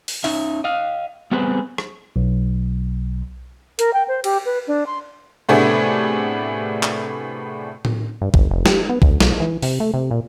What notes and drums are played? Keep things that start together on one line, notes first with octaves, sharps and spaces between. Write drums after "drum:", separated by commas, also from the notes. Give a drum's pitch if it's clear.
drum: open hi-hat
C#4 D#4 E5, drum: open hi-hat
D#5 F5
G3 B3 C4 G#4 B4 C5
drum: rim click
B1
A#4, drum: hi-hat
G5
C5
G4, drum: cymbal
B4
D4
C6
A2 C3 A3 B3 D4 G#4
drum: clap
drum: tom A2
G2
G1, drum: kick A#1
F1
G4, drum: snare
B3
D2, drum: kick A#1
B1, drum: snare
E3
C3, drum: open hi-hat
A3
C3
A#2